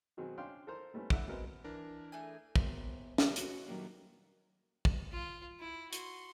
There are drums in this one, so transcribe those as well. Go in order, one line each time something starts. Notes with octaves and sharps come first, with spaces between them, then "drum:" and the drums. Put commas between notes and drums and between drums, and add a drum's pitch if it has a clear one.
B2 D#3 F#3 C4 G#4
C#4 D4 F5 G5 C6
A4 A#4 C5 A#5 C6
G3 A3 B3 C#4
D4 E4 A4 E5 F#5, drum: kick
F#3 G#3 B3 C4 A#4 E5
E3 D4 A#4
A3 G#4 G#5
D#2 G#2 B3 F#4 C5 E5, drum: kick
A3 E4 G4 A4 A#4 E5, drum: snare
F#4 B4 C#5 D#5 F5, drum: hi-hat
A#2 D#3 F#3 G3 A3 A#3
drum: kick
F4
E4
F#4 C6, drum: hi-hat